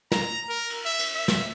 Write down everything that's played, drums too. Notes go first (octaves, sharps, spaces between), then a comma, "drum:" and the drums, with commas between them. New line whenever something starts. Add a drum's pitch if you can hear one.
A#5, drum: snare
A#4
drum: cymbal
E5
drum: cymbal
E5
drum: snare